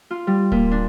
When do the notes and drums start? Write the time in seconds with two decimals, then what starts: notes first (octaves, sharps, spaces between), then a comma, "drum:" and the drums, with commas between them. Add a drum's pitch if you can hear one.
0.11 F4
0.27 G3
0.52 A#2, drum: kick D1
0.72 D4